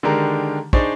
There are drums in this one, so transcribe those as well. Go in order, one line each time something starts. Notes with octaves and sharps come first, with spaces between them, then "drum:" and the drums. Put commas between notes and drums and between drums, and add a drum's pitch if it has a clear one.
D3 D#3 G#3 D4 G4 A#4
D4 D#4 G#4 C5 D5 C#6, drum: kick